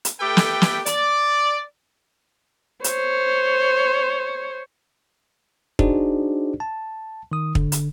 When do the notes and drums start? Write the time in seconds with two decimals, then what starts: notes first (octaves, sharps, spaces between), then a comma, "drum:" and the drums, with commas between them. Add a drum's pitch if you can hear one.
0.05 drum: hi-hat
0.19 A3 G4 A4 B4 G5
0.37 drum: snare
0.62 drum: snare
0.86 D5, drum: hi-hat
2.84 C5 C#5, drum: hi-hat
5.79 D4 D#4 F#4 G#4 C5 D5, drum: kick
6.60 A5
7.32 D#3 D#6
7.55 D3, drum: kick
7.72 drum: hi-hat